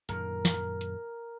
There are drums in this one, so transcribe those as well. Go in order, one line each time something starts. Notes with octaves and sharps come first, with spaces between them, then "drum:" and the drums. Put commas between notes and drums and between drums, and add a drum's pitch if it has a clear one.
F#2 A#2 D#3 A#4, drum: hi-hat
drum: snare
drum: hi-hat